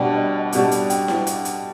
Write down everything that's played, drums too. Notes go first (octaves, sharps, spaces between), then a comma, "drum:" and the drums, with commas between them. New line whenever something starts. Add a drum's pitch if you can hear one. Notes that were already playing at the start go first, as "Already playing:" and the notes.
Already playing: B2 G3 D4 G5
D#5
D#5
B2 G3 D4, drum: hi-hat
drum: hi-hat
G5, drum: hi-hat
drum: snare E4
drum: hi-hat
drum: hi-hat